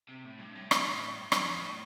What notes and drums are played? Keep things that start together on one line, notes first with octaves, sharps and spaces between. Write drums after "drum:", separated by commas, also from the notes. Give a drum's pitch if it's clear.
C3
A2
G2
A2
drum: rim click
G2
G2, drum: rim click
F2
A2